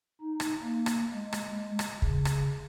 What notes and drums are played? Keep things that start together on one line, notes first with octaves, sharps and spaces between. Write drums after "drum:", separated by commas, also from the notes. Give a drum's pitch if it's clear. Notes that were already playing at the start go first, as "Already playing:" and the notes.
D#4
drum: rim click
A#3
drum: rim click
G#3
drum: rim click
drum: rim click
C#3, drum: kick
drum: rim click